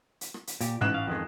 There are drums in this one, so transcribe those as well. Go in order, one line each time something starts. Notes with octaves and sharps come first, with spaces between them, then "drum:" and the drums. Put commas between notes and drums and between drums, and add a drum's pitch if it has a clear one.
drum: hi-hat
drum: rim click
drum: hi-hat
A#2 G4, drum: hi-hat
A1 G#2 F#6 E7
F5
F2 D#3 G#3